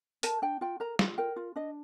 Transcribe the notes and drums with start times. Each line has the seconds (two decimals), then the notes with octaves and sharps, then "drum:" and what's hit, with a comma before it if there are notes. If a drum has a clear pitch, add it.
0.23 A#4 A5, drum: hi-hat
0.42 D4 G5
0.61 F4 G5
0.80 A#4 A#5
0.99 F4, drum: snare
1.18 A#4 G5
1.36 F4
1.56 D4 D#5